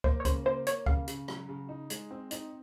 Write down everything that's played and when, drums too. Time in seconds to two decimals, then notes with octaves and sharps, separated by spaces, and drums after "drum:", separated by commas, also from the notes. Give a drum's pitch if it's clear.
0.04 A#3 C5, drum: kick
0.20 C#5
0.25 C#3 C5, drum: kick, hi-hat
0.45 A#3 C5
0.67 A#3 C#5, drum: hi-hat
0.86 C#3 F5, drum: kick
1.08 C#3, drum: hi-hat
1.28 F#3, drum: rim click
1.49 C#3
1.69 D#4
1.90 G#3, drum: hi-hat
2.11 C4
2.31 D#4, drum: hi-hat